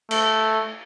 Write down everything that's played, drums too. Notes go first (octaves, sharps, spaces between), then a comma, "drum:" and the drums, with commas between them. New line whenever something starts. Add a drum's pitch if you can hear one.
A3, drum: cymbal